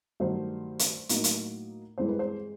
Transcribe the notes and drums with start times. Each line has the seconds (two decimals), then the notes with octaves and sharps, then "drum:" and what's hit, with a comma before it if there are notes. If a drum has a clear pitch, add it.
0.20 G2 D#3 F#3 A3 C5
0.79 drum: hi-hat
1.09 A2 F#3 A#3 D#4, drum: hi-hat
1.24 drum: hi-hat
1.98 G2 E3 G#3 C4 C5
2.08 B4
2.19 C5